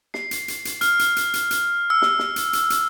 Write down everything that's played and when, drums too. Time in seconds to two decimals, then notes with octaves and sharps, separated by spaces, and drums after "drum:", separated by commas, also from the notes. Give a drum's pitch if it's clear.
0.14 C7, drum: snare
0.31 drum: hi-hat
0.48 drum: hi-hat
0.65 drum: hi-hat
0.81 F6, drum: hi-hat
0.99 drum: hi-hat
1.16 drum: hi-hat
1.34 drum: hi-hat
1.51 drum: hi-hat
1.90 E6
2.02 drum: snare
2.19 drum: snare
2.36 drum: hi-hat
2.53 drum: hi-hat
2.70 drum: hi-hat